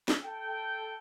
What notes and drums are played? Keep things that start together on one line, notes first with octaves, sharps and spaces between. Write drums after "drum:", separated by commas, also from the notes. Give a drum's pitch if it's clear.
drum: snare
A4 G5